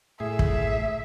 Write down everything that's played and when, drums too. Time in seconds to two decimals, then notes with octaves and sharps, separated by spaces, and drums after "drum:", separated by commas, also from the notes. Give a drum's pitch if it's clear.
0.20 A2 G#4 E5
0.39 drum: kick